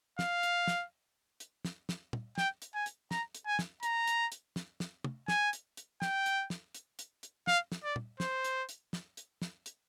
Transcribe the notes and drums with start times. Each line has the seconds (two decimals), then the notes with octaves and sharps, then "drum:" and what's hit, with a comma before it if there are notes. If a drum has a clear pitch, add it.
0.19 F5, drum: snare
0.43 drum: hi-hat
0.67 drum: snare
1.40 drum: hi-hat
1.65 drum: snare
1.89 drum: snare
2.13 drum: tom
2.38 G5, drum: snare
2.62 drum: hi-hat
2.74 G#5
2.86 drum: hi-hat
3.11 A#5, drum: snare
3.35 drum: hi-hat
3.47 G#5
3.59 drum: snare
3.83 A#5, drum: hi-hat
4.07 drum: hi-hat
4.32 drum: hi-hat
4.56 drum: snare
4.80 drum: snare
5.04 drum: tom
5.28 G#5, drum: snare
5.53 drum: hi-hat
5.77 drum: hi-hat
6.02 G5, drum: snare
6.26 drum: hi-hat
6.50 drum: snare
6.74 drum: hi-hat
6.99 drum: hi-hat
7.23 drum: hi-hat
7.47 F5, drum: snare
7.72 drum: snare
7.83 D5
7.96 drum: tom
8.20 C5, drum: snare
8.44 drum: hi-hat
8.69 drum: hi-hat
8.93 drum: snare
9.17 drum: hi-hat
9.42 drum: snare
9.66 drum: hi-hat